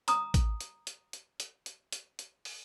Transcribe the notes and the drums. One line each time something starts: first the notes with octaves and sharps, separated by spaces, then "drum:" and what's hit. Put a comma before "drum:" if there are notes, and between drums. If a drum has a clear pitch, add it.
A#5 D#6, drum: hi-hat
drum: kick, hi-hat
drum: hi-hat
drum: hi-hat
drum: hi-hat
drum: hi-hat
drum: hi-hat
drum: hi-hat
drum: hi-hat
drum: open hi-hat